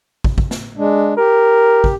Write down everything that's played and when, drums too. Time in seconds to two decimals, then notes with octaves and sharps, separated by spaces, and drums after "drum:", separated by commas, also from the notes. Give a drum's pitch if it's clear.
0.24 drum: kick
0.38 drum: kick
0.51 drum: snare
0.77 G#3 D4
1.17 G4 A#4
1.84 drum: kick